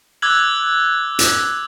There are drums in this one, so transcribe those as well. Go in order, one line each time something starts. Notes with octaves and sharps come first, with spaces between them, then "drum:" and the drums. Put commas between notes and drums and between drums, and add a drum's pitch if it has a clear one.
D6 E6 F#6 G#6 F#7
drum: hi-hat